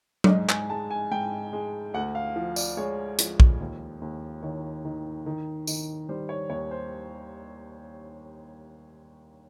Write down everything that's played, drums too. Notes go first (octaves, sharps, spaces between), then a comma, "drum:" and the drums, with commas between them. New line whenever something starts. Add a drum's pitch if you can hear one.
D5, drum: tom F#3
G#2 D#5
G#5, drum: clap
G#3 A5
G#5
G#2 G5
G#3
D2 F#5
F5
F3
D5, drum: tambourine
G#3 C#5
F3, drum: hi-hat
drum: kick
D#2
D#2
D#3 C#5
D#3
D#3
D#3, drum: tambourine
G3 C5
C#5
D#2 C#5
C5